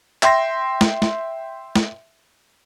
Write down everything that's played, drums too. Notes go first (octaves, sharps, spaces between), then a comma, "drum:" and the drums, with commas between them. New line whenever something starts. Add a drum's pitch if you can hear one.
E5 G5 C6 A#6, drum: clap
drum: snare
drum: snare
drum: snare